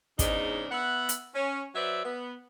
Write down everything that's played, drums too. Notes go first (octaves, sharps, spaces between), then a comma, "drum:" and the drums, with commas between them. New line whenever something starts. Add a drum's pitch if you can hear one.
E2 G#2 C#3 D4 D#4, drum: kick, hi-hat
B3 E5 F#5
drum: hi-hat
C#4
F#3 B4 C5 D5 E5
B3